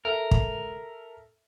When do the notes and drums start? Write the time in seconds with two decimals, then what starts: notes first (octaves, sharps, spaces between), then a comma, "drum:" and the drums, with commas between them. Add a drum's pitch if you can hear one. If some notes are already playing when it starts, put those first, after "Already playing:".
0.05 A4 A#4 E5
0.31 drum: kick